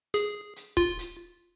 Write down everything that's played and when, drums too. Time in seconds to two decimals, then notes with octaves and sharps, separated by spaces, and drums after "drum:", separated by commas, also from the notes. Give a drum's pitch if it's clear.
0.14 G#4, drum: hi-hat
0.56 drum: hi-hat
0.77 F4, drum: kick
0.99 drum: hi-hat